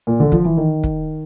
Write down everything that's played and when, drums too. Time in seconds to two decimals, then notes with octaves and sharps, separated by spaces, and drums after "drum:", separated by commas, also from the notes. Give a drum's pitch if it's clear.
0.07 A#2
0.20 D3
0.32 F3, drum: kick
0.45 E3
0.57 D#3
0.84 drum: kick